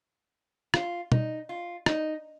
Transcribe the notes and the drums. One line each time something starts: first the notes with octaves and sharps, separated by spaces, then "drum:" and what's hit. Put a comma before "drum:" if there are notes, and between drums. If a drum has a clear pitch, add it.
F4, drum: rim click
D#4, drum: tom
F4
D#4, drum: rim click